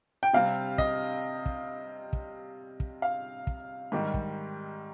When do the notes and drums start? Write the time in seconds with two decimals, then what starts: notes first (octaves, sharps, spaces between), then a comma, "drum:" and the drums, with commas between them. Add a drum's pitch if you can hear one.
0.23 G5
0.33 C3 G3 C4 F5
0.78 D#5, drum: kick
1.46 drum: kick
2.13 drum: kick
2.80 drum: kick
3.02 F5
3.47 drum: kick
3.92 G#2 D#3 G3
4.14 drum: kick